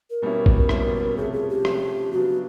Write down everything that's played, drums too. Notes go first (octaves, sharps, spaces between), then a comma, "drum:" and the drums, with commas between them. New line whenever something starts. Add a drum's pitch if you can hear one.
A#4
B2 G3 A#3 C#4 E4
drum: kick G#1
B2 G3 A#3 C#4 E4, drum: rim click
C3 F3 A3 C#4 G#4
G#4
G4
C3 F3 A3 C#4, drum: rim click
C#3 F#3 B3 D4 F#4